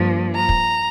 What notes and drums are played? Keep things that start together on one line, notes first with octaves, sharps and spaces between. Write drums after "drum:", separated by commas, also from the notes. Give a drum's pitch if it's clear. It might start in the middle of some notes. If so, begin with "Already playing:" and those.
Already playing: G2 F3 A#3
A#5
drum: kick